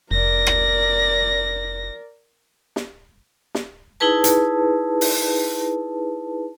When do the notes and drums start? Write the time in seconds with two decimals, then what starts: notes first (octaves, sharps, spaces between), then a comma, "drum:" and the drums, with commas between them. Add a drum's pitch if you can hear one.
0.11 F1 A#4 D5 A#6
0.47 drum: rim click
2.76 drum: snare
3.55 drum: snare
4.00 D#4 E4 G#4 B4 A5
4.24 drum: hi-hat
5.01 drum: open hi-hat